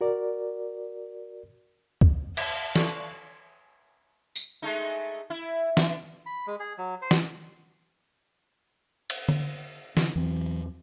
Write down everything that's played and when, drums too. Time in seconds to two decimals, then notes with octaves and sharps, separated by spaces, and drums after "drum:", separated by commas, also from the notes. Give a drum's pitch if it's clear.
0.01 F#4 A#4 D5
2.01 drum: kick C#2
2.37 E5 F5 A5 F#6, drum: cymbal
2.76 A4 B4 D5 C6 C#6, drum: snare
4.35 drum: tambourine
4.62 G#3 A3 D#4
5.30 E4
5.77 E3 D4, drum: snare
6.26 B5
6.47 G#3
6.60 G#4
6.78 F#3
7.02 C5
7.11 drum: snare
9.10 drum: cymbal
9.29 drum: tom D3
9.97 D3, drum: snare
10.16 E2 E3 F#3 C4